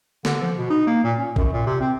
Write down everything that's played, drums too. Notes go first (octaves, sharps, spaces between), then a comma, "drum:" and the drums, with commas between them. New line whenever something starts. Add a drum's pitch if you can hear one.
D3, drum: snare
F3
B2
D#4
A#3
A#2
C#4
F#2, drum: kick A1
A#2
C3
C4